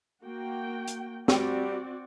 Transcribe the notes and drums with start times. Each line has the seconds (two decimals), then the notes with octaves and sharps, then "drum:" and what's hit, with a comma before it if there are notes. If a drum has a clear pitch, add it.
0.24 A#3 F#4 G5
0.88 drum: hi-hat
1.28 G3 C4 F#4 D5, drum: snare